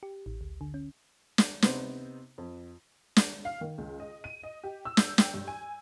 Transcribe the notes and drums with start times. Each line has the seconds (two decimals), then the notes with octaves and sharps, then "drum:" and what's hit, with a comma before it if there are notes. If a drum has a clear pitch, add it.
0.03 G4
0.26 A1
0.41 D2
0.61 D3
0.74 C#4
1.38 drum: snare
1.62 C3 B3 D#4 C5, drum: snare
2.38 F2
3.16 drum: snare
3.45 F5
3.61 D#3
3.78 C#2
4.00 D#5
4.24 D#7
4.43 D#5
4.64 G4
4.85 E6
4.97 G6, drum: snare
5.18 G5, drum: snare
5.34 G2
5.48 G#5